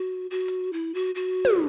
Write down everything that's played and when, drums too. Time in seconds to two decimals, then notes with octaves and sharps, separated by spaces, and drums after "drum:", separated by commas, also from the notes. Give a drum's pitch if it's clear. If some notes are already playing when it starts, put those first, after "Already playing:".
Already playing: F#4
0.31 F#4
0.48 drum: hi-hat
0.73 E4
0.94 F#4
1.15 F#4
1.45 drum: tom